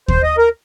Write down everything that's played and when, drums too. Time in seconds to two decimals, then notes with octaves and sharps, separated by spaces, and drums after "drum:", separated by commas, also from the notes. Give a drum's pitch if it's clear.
0.08 C5, drum: kick D#2
0.23 D#5
0.38 A#4